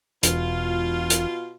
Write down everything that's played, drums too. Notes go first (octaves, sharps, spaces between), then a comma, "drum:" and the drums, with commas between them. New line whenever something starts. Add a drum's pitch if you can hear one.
E1 B2 F4, drum: hi-hat
drum: hi-hat